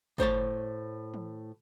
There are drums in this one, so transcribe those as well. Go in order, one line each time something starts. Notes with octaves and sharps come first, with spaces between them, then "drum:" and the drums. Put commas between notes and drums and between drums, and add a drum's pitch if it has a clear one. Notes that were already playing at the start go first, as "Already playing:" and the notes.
A2 C5 C#5 A5, drum: kick
drum: tom